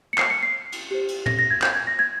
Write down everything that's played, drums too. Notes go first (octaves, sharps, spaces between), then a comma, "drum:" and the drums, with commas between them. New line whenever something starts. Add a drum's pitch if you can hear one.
C#7
C7, drum: clap
C#7
C7
drum: cymbal
G4 C5
drum: cymbal
A#6, drum: tom
A#6
G#6
G6, drum: clap
G#6
A#6
G#6